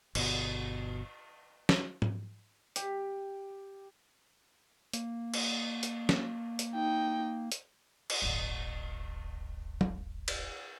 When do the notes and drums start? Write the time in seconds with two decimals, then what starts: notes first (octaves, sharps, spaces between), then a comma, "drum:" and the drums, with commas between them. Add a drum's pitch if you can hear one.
0.15 G1 B2, drum: cymbal
1.69 drum: snare
2.02 drum: tom G#2
2.76 G4, drum: hi-hat
4.93 A#3, drum: hi-hat
5.34 drum: cymbal
5.83 drum: hi-hat
6.09 drum: snare
6.59 drum: hi-hat
6.75 D#4 G5
7.52 drum: hi-hat
8.10 drum: cymbal
8.22 D1 G1
9.81 drum: tom
10.28 drum: cymbal